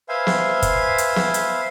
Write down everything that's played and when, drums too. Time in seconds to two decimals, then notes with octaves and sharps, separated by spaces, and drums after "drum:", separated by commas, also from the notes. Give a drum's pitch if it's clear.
0.09 B4 C5 E5 F5 G#5
0.27 drum: snare
0.62 drum: kick, hi-hat
0.98 drum: hi-hat
1.16 drum: snare
1.34 drum: hi-hat